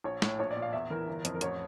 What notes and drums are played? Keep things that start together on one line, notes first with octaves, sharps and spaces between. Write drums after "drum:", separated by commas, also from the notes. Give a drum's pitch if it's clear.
A#1 C#5
A2, drum: snare
A#1 C#5
D5
A#2
F5
E2 E5
E3 A#4
G1
F2, drum: hi-hat
A#4
A1 C#5, drum: hi-hat